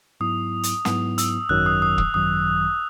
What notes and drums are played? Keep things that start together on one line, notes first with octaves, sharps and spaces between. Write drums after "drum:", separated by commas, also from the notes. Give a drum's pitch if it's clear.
G#2 F#3 B3 E4 D#6
drum: hi-hat
G#2 F#3 B3 E4 D#6, drum: snare
E6, drum: hi-hat
G#1 F#2 D#3 F#3 F#6
D#6
D#6
D#6, drum: kick
G#1 F#2 D#3 F#3 D#6